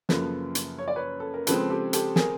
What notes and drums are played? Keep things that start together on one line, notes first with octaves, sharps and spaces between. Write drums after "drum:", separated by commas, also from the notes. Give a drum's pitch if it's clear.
F#2 C#3 F3 A#3 A4 B4, drum: snare
drum: hi-hat
C#5
D5
B4 C#5
A4
A#4
C#3 F3 G#3 C4 A4 B4, drum: hi-hat
G4 A4
G4 A4, drum: hi-hat
G#4 A#4, drum: snare